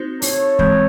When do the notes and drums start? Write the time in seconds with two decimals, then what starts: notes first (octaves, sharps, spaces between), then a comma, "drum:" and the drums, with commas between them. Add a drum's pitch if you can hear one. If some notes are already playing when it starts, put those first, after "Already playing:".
Already playing: C4 D#4 F#4 C5
0.22 A4 C#5, drum: open hi-hat
0.59 E3 G#3 C4, drum: kick